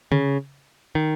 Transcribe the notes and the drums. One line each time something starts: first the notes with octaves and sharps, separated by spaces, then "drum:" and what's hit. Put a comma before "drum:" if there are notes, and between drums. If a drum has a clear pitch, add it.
C#3, drum: tom C#3
D#3